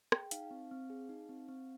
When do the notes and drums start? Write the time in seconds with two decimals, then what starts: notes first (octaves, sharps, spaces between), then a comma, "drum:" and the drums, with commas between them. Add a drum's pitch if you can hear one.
0.12 G#4 G5, drum: rim click
0.31 D#4 F5, drum: hi-hat
0.51 C4
0.71 C4
0.90 G#4
1.09 D#4
1.29 C4
1.48 C4